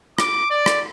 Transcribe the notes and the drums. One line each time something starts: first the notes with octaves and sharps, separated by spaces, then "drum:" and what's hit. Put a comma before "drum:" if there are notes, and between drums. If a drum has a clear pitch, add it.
D6, drum: rim click
D5
drum: rim click